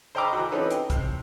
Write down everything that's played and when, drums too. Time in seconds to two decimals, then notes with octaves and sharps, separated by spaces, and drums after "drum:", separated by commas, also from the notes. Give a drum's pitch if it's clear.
0.15 C5 D#5 G5 A#5 B5 D6
0.33 E3 F#4
0.51 C4 C#4 D#4 A4 B4
0.70 G5, drum: hi-hat
0.90 C3, drum: kick, hi-hat